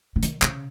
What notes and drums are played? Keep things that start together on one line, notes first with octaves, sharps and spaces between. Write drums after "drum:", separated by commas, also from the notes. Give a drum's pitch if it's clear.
C#3
D#3, drum: hi-hat
C#3, drum: clap